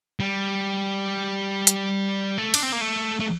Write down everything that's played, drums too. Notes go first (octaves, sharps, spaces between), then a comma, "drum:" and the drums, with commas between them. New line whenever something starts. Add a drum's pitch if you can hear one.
G3
drum: hi-hat
A3
D4, drum: cymbal
C4
A#3
A3
A3